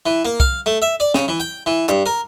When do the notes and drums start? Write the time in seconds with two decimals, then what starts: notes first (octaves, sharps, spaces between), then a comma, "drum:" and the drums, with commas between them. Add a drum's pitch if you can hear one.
0.06 E3
0.25 A#3
0.40 F5, drum: kick C2
0.66 A3
0.82 E5
1.00 D5
1.14 C#3, drum: snare
1.28 E3
1.40 G5
1.66 E3
1.89 G2, drum: clap
2.06 A#4